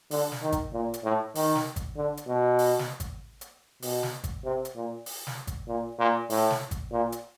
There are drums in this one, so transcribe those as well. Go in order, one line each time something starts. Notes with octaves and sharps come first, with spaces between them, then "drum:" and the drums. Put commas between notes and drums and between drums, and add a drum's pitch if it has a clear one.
D3, drum: open hi-hat
drum: snare
D#3
drum: kick G#1, hi-hat
A#2
drum: hi-hat
A2
D#3, drum: open hi-hat
drum: snare
drum: kick G#1, hi-hat
D3
drum: hi-hat
B2
drum: open hi-hat
drum: snare
drum: kick G#1, hi-hat
drum: hi-hat
B2, drum: open hi-hat
drum: snare
drum: kick G#1, hi-hat
C3
drum: hi-hat
A#2
drum: open hi-hat
drum: snare
drum: kick G#1, hi-hat
A#2
A#2
A2, drum: open hi-hat
drum: snare
drum: kick G#1, hi-hat
A#2
drum: hi-hat